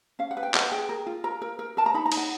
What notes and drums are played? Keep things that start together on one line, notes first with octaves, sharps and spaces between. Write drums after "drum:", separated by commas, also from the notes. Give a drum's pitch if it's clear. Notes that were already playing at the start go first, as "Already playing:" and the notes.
C#4 F5
F#5
B4
G5
B4 F#5, drum: clap
G#4 G5
A#4
F4
A#4 A#5
A#4
A#4
A#4 A5
A#5
D#4 B5
A#5
D#4, drum: cymbal
F#5